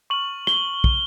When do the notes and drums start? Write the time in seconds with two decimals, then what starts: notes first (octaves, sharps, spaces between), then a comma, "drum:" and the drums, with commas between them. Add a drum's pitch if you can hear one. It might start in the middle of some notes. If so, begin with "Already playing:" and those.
0.10 C#6 F6 F#7
0.47 G7, drum: rim click
0.84 drum: kick